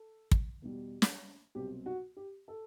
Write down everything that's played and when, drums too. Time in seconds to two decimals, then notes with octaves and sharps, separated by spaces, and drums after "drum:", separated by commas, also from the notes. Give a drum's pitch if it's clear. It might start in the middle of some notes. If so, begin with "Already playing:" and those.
Already playing: A4
0.31 drum: kick
0.62 E2 B2 G3
1.02 drum: snare
1.55 C2 B2 F#3 C4 G4
1.86 F#4
2.17 G4
2.48 A4